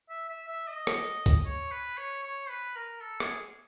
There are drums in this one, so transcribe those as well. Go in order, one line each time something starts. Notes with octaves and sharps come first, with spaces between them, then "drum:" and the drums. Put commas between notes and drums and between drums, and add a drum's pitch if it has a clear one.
E5
E5
E5
D#5
drum: rim click
drum: kick, hi-hat
C#5
B4
C#5
C#5
B4
A#4
A4
G#4, drum: rim click